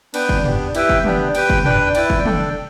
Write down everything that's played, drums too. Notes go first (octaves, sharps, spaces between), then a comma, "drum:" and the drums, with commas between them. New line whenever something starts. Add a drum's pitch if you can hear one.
B3 D4 B4 G5, drum: cymbal
drum: kick
B3 D4 G4, drum: tom
E4 G4 B4 E5 G5, drum: cymbal
drum: kick
B3 D4 G4, drum: tom
G4 B4 G5, drum: cymbal
drum: kick
D4 B4 G5, drum: tom
E4 B4 D5 G5, drum: cymbal
drum: kick
D4 A4 D5 G5, drum: tom